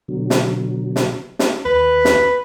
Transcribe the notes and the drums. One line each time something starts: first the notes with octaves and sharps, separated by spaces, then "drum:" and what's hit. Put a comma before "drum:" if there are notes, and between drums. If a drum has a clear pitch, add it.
B2 D3 F#3
drum: snare
drum: snare
drum: snare
D#2 B4
drum: snare